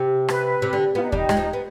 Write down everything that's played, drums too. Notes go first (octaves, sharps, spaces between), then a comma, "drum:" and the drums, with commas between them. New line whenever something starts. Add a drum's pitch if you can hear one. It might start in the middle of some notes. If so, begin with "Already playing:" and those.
Already playing: C3
B4, drum: rim click
C3
D3
B3 F4
D#4
D4
G3 D#4, drum: kick D#2
G#3, drum: rim click
F3
B3